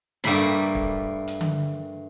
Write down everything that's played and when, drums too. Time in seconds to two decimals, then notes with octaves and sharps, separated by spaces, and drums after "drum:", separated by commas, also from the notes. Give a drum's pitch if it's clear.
0.24 G2 G3 A3 A#3 B5 C6, drum: snare
0.75 drum: kick
1.28 drum: hi-hat
1.41 drum: tom D3